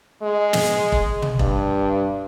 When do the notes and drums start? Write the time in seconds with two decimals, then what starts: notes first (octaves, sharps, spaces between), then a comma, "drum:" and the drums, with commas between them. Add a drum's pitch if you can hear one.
0.23 G#3
0.53 drum: snare
0.92 drum: kick E1
1.22 drum: tom
1.39 G2, drum: kick E1